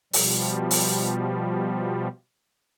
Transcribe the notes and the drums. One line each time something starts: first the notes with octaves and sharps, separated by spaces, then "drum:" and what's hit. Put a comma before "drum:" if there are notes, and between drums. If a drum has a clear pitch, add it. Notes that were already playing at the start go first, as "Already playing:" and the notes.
B2 F3 G3, drum: open hi-hat
drum: open hi-hat